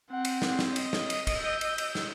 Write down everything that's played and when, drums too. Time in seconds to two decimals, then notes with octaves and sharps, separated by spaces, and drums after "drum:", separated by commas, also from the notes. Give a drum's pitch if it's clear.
0.11 C4 F#5
0.25 drum: cymbal
0.42 drum: snare
0.59 drum: snare
0.76 D#5, drum: cymbal
0.93 drum: snare
1.10 drum: cymbal
1.27 drum: kick, cymbal
1.37 E6 G6
1.61 drum: cymbal
1.78 drum: cymbal
1.95 drum: snare